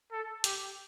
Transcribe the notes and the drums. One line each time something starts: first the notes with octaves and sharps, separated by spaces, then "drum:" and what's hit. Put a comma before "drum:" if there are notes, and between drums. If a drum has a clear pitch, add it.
A4
G4, drum: hi-hat